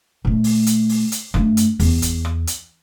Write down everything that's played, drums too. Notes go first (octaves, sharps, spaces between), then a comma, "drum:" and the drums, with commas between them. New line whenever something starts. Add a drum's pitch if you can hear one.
A#2 A3
drum: open hi-hat
drum: hi-hat
drum: open hi-hat
drum: hi-hat
G2 A3, drum: rim click
drum: hi-hat
E2, drum: open hi-hat
drum: kick G1, hi-hat
drum: rim click
drum: hi-hat